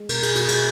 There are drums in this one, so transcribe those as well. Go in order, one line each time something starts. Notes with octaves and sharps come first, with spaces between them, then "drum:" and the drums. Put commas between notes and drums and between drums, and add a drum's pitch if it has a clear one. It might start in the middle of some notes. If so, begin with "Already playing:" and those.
Already playing: G#3
B2 A#4, drum: cymbal
G#4, drum: cymbal
B2 F#4, drum: cymbal
G#4, drum: cymbal